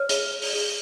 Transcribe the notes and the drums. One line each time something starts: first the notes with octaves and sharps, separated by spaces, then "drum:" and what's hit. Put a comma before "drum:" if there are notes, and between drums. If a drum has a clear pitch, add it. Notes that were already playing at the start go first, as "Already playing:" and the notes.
Already playing: C#5 F6
G#4, drum: hi-hat
C#5
drum: open hi-hat
G#4